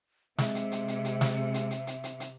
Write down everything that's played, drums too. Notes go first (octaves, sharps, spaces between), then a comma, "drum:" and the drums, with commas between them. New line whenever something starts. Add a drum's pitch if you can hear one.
C3 G#3 E5, drum: snare
drum: hi-hat
drum: hi-hat
drum: hi-hat
drum: hi-hat
drum: snare
drum: hi-hat
drum: hi-hat
drum: hi-hat
drum: hi-hat
drum: hi-hat